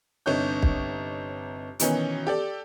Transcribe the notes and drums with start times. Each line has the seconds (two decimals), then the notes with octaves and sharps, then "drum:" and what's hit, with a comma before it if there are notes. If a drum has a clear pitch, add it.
0.26 G1 C3 D#4 C#5 G6
0.63 drum: kick B1
1.79 B2 D#3 E3 C#4, drum: hi-hat
2.27 G4 A4 D5